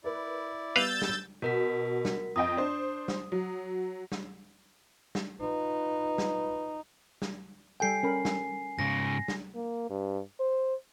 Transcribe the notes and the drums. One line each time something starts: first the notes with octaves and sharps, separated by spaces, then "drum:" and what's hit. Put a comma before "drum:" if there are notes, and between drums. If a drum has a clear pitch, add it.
E4 A#4 B4 D5
G3 B3 B4 F5 E6 G6 A6
drum: snare
B2 F#4 A#4 B6
drum: snare
F2 D#5 G5 D#6
D4 C5
drum: snare
F#3
drum: snare
drum: snare
D#4 F4 B4
drum: snare
drum: snare
G3 A4 G5 G#5 C7
C#4 A#4 B5
drum: snare
G#2 C#3 A#6
drum: snare
A#3
G2
C5